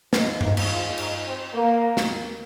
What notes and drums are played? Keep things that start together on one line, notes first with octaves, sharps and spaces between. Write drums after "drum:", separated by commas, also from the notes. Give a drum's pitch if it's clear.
A#1 G#2 F3 G#3 D#4, drum: snare
D#4, drum: tom G2
drum: cymbal
F4
D#4, drum: cymbal
C4
A#3
drum: snare